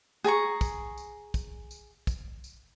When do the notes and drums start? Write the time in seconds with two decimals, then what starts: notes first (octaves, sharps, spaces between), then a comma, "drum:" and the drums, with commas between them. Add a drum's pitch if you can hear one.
0.24 G#4 G#5 A#5 C#6
0.61 drum: kick, tambourine
0.98 drum: tambourine
1.34 drum: kick, tambourine
1.71 drum: tambourine
2.07 drum: kick, tambourine
2.44 drum: tambourine